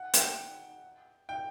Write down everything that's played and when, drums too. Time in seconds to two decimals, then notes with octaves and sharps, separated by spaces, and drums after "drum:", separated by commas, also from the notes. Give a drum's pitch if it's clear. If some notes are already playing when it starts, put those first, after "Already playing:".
Already playing: F#5
0.14 G5, drum: hi-hat
1.29 G5